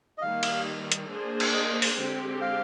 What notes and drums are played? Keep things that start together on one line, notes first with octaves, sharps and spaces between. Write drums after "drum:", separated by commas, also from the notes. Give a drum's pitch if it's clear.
D#5
D#3 G3 A#3 F5
drum: cymbal
drum: hi-hat
A#3 D4 G#4 C5
drum: cymbal
D#5
drum: open hi-hat
D3 G#3 C4 G4
F5